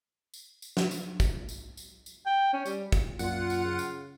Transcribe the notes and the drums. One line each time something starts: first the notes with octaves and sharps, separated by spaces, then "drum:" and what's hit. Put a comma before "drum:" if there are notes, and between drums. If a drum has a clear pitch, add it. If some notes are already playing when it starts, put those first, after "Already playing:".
drum: tambourine
drum: tambourine
drum: snare
drum: tambourine
drum: kick, tambourine
drum: tambourine
drum: tambourine
drum: tambourine
G5
C#4
G3, drum: tambourine
drum: kick, tambourine
F#2 A#2 F4 F#5, drum: tambourine
drum: tambourine
C#3
drum: tambourine